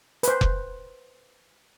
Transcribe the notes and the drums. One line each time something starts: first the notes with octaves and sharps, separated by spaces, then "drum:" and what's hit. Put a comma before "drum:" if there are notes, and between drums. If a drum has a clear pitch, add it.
B4 C5, drum: hi-hat
drum: kick F1